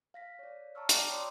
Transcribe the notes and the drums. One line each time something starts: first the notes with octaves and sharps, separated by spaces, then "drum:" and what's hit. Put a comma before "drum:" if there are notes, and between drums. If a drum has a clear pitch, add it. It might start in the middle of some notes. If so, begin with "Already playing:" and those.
F5 A#6 B6
C#5 D5
A5 A#5 C#6 E6 F6
F#4 D5 G5 A#5 D6 G6, drum: hi-hat
C#5 D5 B5 C6 D6 D#6